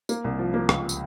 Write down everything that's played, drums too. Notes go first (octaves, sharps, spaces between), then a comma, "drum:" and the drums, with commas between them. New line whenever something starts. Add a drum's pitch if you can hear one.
A#3, drum: tambourine
C2
F3
A#3
C#2, drum: rim click
drum: tambourine